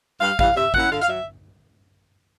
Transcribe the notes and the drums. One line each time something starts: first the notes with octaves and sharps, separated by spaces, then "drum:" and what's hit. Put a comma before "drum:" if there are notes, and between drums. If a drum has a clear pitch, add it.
G2 F5
E3 G3 F5, drum: kick
C3 E5
F3 A#3 C#4 E4 F#5, drum: kick
D3 F5
F5
F#3 E5